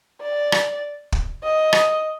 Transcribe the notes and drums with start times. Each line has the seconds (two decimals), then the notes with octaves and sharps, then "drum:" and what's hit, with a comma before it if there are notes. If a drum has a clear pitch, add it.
0.22 D5
0.52 drum: rim click
1.12 drum: kick
1.43 D#5
1.73 drum: rim click